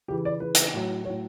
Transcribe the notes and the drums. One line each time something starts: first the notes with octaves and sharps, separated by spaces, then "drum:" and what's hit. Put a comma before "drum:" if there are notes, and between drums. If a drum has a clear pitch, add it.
C#3 E3 G4
D5
C#3 E3 B4
drum: hi-hat
A2 F#3
F#3 C#5
A2